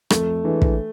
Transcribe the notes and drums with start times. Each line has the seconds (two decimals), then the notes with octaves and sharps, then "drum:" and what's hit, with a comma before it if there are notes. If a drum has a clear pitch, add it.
0.10 F2 A3, drum: rim click
0.44 E3 G#3 D4
0.62 drum: kick